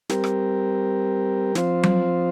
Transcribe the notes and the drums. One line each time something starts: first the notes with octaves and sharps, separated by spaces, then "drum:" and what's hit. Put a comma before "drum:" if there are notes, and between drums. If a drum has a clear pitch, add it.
G3 C4 G4 A#4, drum: snare
drum: rim click
F3 C4 F4 C5, drum: snare
drum: tom F#3